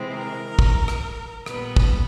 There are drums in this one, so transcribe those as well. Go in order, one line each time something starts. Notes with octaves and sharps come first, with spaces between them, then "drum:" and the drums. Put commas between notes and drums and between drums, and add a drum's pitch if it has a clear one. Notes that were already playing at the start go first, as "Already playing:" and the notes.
Already playing: C3 E3 G#3 C4
A#4
drum: kick
drum: rim click
A#2 G3 B3 B4, drum: rim click
drum: kick